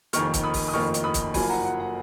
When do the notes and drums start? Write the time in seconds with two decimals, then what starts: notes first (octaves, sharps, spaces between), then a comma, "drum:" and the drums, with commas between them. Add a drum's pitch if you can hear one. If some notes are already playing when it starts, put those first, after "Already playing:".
0.13 F1 F2 D#3 A#3 C#6 F6, drum: hi-hat
0.34 drum: kick, hi-hat
0.44 B5 D#6
0.54 drum: kick, open hi-hat
0.68 D#6
0.73 F1 F2 D#3 A#3 C#6 F6
0.94 drum: hi-hat
1.04 B5 D#6
1.14 drum: kick, hi-hat
1.34 F#1 F#2 F3 A#3 G#5 B5, drum: kick, open hi-hat
1.49 F#5 A#5
1.65 F#5
1.80 F#5